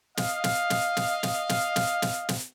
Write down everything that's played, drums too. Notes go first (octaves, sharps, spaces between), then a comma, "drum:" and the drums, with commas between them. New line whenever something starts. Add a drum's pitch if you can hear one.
D#5 F5, drum: snare
drum: snare
drum: snare
drum: snare
drum: snare
drum: snare
drum: snare
drum: snare
drum: snare